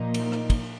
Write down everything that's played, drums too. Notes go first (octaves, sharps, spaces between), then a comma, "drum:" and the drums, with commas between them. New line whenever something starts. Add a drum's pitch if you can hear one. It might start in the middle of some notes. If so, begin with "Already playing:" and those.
Already playing: A#2 F3 A#3 D#4
drum: cymbal
drum: rim click
drum: kick, cymbal